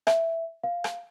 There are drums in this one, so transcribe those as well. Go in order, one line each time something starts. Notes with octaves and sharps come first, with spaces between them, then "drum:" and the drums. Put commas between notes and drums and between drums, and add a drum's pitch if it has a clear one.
E5, drum: rim click
F5
drum: rim click